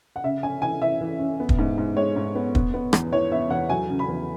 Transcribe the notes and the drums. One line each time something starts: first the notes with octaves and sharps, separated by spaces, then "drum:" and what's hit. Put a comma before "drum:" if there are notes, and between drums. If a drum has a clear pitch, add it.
F#5
C#3 E5
C#4 G#5
E3 G#5
E3 E5
E3
C#4
B3
drum: kick
G#2
G#2
G#3 C#5
G#2
B3
B3, drum: kick
B3
E2, drum: rim click
E3 C#5
B3 E5
E2 F#5
F#3 G#5
C#3
B5
E2